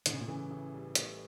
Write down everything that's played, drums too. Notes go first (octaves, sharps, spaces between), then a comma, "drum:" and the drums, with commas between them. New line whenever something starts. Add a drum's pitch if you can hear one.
A2 D3, drum: hi-hat
C#3
A#2
C#3 E3
A1
G3
A2, drum: hi-hat